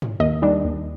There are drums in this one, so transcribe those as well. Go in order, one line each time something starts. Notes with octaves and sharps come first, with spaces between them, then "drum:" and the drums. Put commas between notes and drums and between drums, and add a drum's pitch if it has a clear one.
drum: tom
D#2 D#5
D#3 G3 D4
D#2